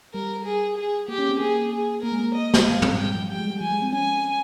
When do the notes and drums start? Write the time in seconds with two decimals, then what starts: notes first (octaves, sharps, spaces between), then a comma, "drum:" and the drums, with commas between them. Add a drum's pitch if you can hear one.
0.14 G3 A#4
0.45 G#4
0.77 G#4
1.08 A#3 G4
1.19 C#4
1.30 C4
1.40 A#3 G#4
1.72 G#4
2.03 A#3 A#4
2.12 G#3
2.19 A#3
2.35 D#5
2.54 drum: snare
2.66 G#3 F5
2.82 G3, drum: tom
2.97 G#3 G5
3.14 F3
3.29 G3 G5
3.39 G#3
3.45 G3
3.50 G#3
3.60 F3 G#5
3.71 G#3
3.82 C4
3.92 C#4 G#5